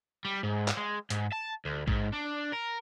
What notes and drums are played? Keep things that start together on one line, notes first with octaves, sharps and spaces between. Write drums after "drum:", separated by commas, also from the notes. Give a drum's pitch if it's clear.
G3
G#2
drum: clap
G#3
G#2, drum: hi-hat
A5
D2
G#2, drum: kick A1
D4
A#4